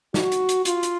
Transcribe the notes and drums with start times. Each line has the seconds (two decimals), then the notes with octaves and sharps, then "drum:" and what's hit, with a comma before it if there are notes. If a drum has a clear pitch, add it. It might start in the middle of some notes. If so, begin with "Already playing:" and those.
0.14 F#4, drum: snare
0.32 drum: hi-hat
0.49 drum: hi-hat
0.65 F4, drum: hi-hat
0.83 drum: hi-hat